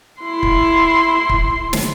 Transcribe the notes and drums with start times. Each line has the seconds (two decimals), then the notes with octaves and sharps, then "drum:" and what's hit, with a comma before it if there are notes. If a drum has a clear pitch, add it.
0.21 E4 C6
0.43 drum: kick
1.29 drum: kick
1.73 drum: snare